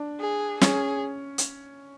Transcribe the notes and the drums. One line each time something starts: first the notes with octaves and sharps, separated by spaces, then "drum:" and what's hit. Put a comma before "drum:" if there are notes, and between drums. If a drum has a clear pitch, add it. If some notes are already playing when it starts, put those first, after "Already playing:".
Already playing: D4
G#4
C#4 G#4, drum: snare
drum: hi-hat